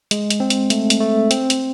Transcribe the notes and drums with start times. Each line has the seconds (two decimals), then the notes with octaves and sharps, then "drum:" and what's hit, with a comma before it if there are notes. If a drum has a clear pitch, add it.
0.11 G#3, drum: hi-hat
0.30 drum: hi-hat
0.40 C4
0.50 drum: hi-hat
0.70 A3, drum: hi-hat
0.90 drum: hi-hat
1.00 A3
1.31 C4, drum: hi-hat
1.50 drum: hi-hat